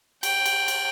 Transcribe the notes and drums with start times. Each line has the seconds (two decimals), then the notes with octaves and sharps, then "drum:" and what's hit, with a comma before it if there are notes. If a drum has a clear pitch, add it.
0.23 G5, drum: cymbal
0.45 drum: cymbal
0.68 drum: cymbal